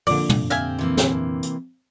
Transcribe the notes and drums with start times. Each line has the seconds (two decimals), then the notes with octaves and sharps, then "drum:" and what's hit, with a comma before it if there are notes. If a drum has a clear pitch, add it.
0.07 F2 A#2 D3 D5, drum: open hi-hat
0.29 drum: tom
0.50 C4 G4 E5 F5 G#5, drum: hi-hat
0.79 C3 E3 A#3
0.97 drum: snare
1.43 drum: hi-hat